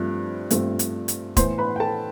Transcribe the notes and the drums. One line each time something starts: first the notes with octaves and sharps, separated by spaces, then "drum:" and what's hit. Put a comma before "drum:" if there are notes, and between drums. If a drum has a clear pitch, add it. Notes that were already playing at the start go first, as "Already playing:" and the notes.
Already playing: G2 F3 A3 C4
G2 F3 A3 C4, drum: hi-hat
drum: hi-hat
drum: hi-hat
A2 E3 B3 C5 C6, drum: kick E1, hi-hat
B4 B5
G5
A4 A5